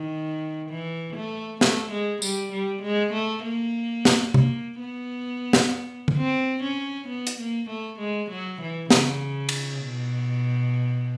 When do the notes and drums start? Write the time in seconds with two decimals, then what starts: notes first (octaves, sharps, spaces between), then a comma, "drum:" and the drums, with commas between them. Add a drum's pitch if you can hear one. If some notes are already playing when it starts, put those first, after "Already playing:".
Already playing: D#3
0.69 E3
1.16 A3
1.61 A3, drum: snare
1.91 G#3
2.22 G3, drum: tambourine
2.52 G3
2.82 G#3
3.13 A3
3.43 A#3
4.05 drum: snare
4.34 A#3, drum: tom C3
4.80 B3
5.53 drum: snare
6.08 drum: tom D3
6.17 C4
6.63 C#4
7.08 B3
7.27 drum: hi-hat
7.39 A#3
7.69 A3
7.99 G#3
8.30 F#3
8.61 E3
8.90 C#3, drum: snare
9.49 drum: cymbal
9.82 B2